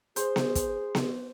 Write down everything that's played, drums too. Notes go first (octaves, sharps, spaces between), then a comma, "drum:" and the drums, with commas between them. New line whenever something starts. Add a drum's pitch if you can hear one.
G#4 C5, drum: hi-hat
drum: snare B3
drum: kick, hi-hat
drum: snare B3